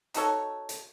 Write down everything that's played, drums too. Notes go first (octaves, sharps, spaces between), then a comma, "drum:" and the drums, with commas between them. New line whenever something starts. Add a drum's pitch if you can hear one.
D#4 F#4 A4 C#5, drum: hi-hat
drum: hi-hat